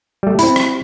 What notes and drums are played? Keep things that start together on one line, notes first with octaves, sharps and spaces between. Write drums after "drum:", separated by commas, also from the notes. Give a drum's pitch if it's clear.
G3 A3
C4 E4 B5, drum: hi-hat
drum: rim click